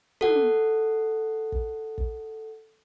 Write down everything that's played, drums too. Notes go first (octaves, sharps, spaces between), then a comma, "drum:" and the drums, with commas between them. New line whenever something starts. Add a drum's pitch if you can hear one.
A4 F#5, drum: tom
drum: kick
drum: kick